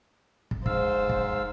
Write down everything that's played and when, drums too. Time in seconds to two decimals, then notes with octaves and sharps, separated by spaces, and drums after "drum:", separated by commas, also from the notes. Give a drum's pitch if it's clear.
0.51 drum: kick
0.66 G#2 C5 F5 E6, drum: kick
1.09 drum: kick